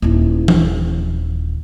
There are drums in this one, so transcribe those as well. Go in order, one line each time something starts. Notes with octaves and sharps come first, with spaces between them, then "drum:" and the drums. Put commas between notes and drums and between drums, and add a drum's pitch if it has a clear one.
D#1 E4
drum: tom E3